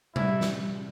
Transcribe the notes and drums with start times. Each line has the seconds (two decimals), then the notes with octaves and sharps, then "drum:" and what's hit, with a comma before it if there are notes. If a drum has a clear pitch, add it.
0.16 G3 E4, drum: tom C3
0.41 drum: snare